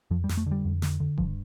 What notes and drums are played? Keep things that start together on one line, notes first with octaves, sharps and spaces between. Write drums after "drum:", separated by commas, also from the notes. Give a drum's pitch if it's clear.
F2 F3
G3
F2, drum: snare
A3
D3 G3
F2
D3, drum: snare
D3
G2 F3, drum: kick D#1